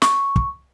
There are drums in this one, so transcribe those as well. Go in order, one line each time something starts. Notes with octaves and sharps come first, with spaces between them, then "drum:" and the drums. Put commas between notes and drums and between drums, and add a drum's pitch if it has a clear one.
C#6, drum: snare
drum: kick